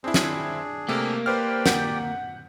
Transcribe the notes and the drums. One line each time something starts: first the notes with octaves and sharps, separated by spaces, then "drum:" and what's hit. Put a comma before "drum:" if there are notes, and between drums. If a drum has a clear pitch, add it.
C4 D4 E4 G#4
drum: snare
C3 A3 A#3 G4
G4 B4 C5 D5 G5 F6
F#5 G6 B6, drum: snare